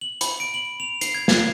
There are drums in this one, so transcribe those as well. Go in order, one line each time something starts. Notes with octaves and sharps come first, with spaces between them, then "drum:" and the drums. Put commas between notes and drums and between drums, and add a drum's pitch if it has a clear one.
F#7
B5, drum: hi-hat
D7
F#7
F7
C7, drum: hi-hat
G#6
drum: snare